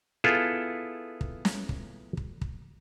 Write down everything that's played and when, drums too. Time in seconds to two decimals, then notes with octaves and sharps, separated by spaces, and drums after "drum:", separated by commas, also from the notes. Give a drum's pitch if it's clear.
0.24 B3 E4 F4 G#4 A4
1.21 drum: kick
1.45 drum: snare
1.69 drum: kick
2.17 drum: kick
2.41 drum: kick